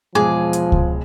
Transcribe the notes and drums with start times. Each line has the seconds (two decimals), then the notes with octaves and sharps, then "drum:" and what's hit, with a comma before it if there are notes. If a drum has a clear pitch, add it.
0.15 E1 F3 G#3 G#4 D6 G#6
0.53 drum: hi-hat
0.72 drum: kick C#2